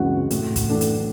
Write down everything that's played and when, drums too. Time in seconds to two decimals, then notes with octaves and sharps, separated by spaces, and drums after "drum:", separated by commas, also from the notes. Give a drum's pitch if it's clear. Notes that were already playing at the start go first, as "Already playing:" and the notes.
Already playing: C#2 C#3 E3 G#3 C4 F#4 F#5
0.31 A2, drum: hi-hat
0.56 drum: kick, hi-hat
0.69 E3 A3 D4
0.81 drum: hi-hat